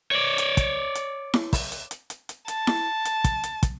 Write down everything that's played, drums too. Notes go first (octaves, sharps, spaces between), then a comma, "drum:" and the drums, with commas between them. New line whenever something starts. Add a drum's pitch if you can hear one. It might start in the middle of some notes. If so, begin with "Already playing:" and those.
C#5 D5
drum: hi-hat
drum: kick, hi-hat
drum: hi-hat
drum: snare E4
drum: kick, open hi-hat
drum: hi-hat
drum: hi-hat
drum: hi-hat
drum: hi-hat
A5, drum: hi-hat
drum: snare E4
drum: hi-hat
drum: kick, hi-hat
drum: hi-hat
drum: kick, hi-hat